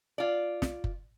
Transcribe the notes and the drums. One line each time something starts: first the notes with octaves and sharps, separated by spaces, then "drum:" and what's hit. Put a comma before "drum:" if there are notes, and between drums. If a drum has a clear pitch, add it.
F4 D5
drum: snare
drum: kick F#1